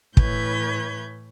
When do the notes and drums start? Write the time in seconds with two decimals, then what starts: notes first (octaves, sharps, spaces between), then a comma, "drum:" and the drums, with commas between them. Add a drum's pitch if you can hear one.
0.17 A2 E3 B4 C#5 G6 G#6, drum: kick